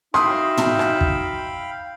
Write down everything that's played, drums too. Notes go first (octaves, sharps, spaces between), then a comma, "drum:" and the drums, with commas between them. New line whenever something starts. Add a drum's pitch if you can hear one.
D#4 F#4 E5 F5 G5 B5 C6 D#6, drum: rim click
drum: tom
drum: rim click
drum: kick